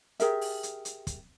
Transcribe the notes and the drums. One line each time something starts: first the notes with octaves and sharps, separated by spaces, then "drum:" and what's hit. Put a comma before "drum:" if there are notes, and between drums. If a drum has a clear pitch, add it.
G4 G#4 A#4 E5, drum: hi-hat
drum: open hi-hat
drum: hi-hat
drum: hi-hat
drum: kick, hi-hat